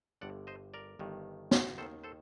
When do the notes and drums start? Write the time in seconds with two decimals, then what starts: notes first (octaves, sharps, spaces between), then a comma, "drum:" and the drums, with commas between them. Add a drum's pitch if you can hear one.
0.21 G1 G2 D3 D5 F#5
0.47 C5 D#5
0.74 A#4 D5
0.99 G1 G2 D#3
1.51 drum: snare
1.78 D#2 D#3 A4 C5
2.04 A4 C5